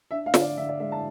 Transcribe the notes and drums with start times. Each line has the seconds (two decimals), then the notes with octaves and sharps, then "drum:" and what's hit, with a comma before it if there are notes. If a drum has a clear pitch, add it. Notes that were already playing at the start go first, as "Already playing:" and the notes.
0.11 D4 E5
0.26 F5
0.34 D3, drum: snare
0.41 D5
0.57 D3 E5
0.69 D5
0.80 G#3 E5
0.92 A5